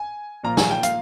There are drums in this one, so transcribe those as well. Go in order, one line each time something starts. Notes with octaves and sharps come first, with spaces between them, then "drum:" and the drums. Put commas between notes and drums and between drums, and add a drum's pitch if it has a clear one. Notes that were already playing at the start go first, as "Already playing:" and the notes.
Already playing: G#5
A#2 F3 A#3 F4 A#5
G#5, drum: snare
G5
F5, drum: hi-hat